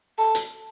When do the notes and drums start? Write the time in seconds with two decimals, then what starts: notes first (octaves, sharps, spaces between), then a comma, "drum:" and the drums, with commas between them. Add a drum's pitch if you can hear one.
0.18 A4
0.35 drum: hi-hat